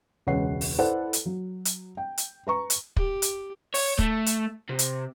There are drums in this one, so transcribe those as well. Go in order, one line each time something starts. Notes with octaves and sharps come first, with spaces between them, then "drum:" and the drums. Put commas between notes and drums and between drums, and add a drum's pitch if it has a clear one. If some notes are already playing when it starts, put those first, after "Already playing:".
E1 C#2 B4 C#5 F#5 C7
drum: open hi-hat
E4 A4 B4 C5 D5 F#5
drum: hi-hat
F#3
drum: hi-hat
G5
drum: hi-hat
B4 A#5 C#6
drum: hi-hat
G4, drum: kick
drum: hi-hat
C#5, drum: open hi-hat
A3, drum: kick
drum: hi-hat
C3
drum: hi-hat